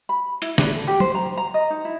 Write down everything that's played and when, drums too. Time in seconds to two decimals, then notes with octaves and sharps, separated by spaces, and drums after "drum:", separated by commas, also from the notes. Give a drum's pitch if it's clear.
0.09 B5
0.42 E4, drum: hi-hat
0.58 D4, drum: snare
0.75 A4
0.87 G4
1.00 C5, drum: tom F#3
1.15 A#5
1.37 A#5
1.54 D#5
1.70 D#4
1.85 E4